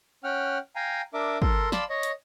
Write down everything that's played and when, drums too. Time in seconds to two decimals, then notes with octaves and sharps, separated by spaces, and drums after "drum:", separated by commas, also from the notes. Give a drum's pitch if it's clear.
0.24 C#4 F#5 G5 F6
0.76 F5 G5 G#5 A#5
1.14 D4 A#4 E5 D6
1.42 A4 A#4 C6, drum: kick
1.72 D5 F5 A5 B5 C6, drum: snare
1.90 C#5 D#5
2.03 drum: hi-hat